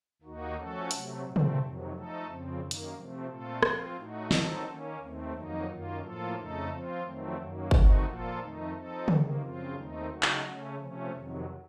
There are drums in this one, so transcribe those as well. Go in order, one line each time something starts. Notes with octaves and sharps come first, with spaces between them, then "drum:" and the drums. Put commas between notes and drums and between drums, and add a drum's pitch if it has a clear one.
D#2 D#3 A#3 D#4 F#4
F3 A3 C#4 F#4 A4
C3 F#3 A3, drum: hi-hat
A#2 A3 C4
drum: tom
F2 C3 D#3 F#3
F3 A3 D#4 A4
F2 C#3 F3 C4
F#2 D#3 A#3
drum: hi-hat
C3 F3 A3 C4
A#2 A3 C4 F4 A4
F3 C4 F4, drum: rim click
A2 A3 D#4 F#4
D#3 F#3 C4 D#4 A4, drum: snare
D#3 A#3 C#4
D#2 D#3 A3 C4
F2 D#3 F#3 A#3 D#4
F#2 D#3 A#3 F4
A2 F3 A#3 F4 A4
F2 C#3 A3 D#4 A4
F3 C4 F4
F2 D#3 F#3 A3 C4
F#2 D#3 F#3 A#3
D#3 A3 C4 D#4 F#4, drum: kick
A#2 F3 A#3 F4 A4
F2 D#3 A3 D#4
F3 C4 D#4 A4
C3 D#3 A#3, drum: tom
F#2 C#3 F3 C4 F4
D#2 D#3 A3 C4 D#4
C#3 F#3 A3 D#4 F#4
drum: clap
C#3 A3 C#4
C3 F3 A3 C#4
F2 C3 D#3 F#3